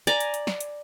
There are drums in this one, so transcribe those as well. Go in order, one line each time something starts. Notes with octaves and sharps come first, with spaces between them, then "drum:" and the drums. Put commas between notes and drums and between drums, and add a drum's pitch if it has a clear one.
D5 G#5 A#5, drum: hi-hat
drum: hi-hat
drum: hi-hat
drum: snare
drum: hi-hat